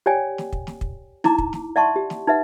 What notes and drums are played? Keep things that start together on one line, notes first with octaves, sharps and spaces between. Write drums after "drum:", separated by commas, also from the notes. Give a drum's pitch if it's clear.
G4 C#5 D5 G5 G#5
drum: snare
drum: kick
drum: snare
drum: kick
D#4 E4 A#5 D6, drum: snare
drum: kick
drum: snare
D5 E5 F#5 A5 C6 C#6
G4
drum: snare
D#4 B4 E5 F#5